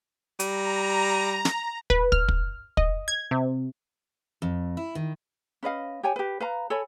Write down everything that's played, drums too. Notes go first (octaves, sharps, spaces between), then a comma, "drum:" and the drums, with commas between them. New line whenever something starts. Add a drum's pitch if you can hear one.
G3 A#5, drum: hi-hat
drum: snare
B4, drum: kick
F6, drum: kick
drum: kick
D#5, drum: kick
G#6
C3
F2
E4
D#3
C#4 B4 D#5 F5
G4 C#5 G5 G#5
G4 B4
B4 F5 A#5
A4 C#5 G#5 B5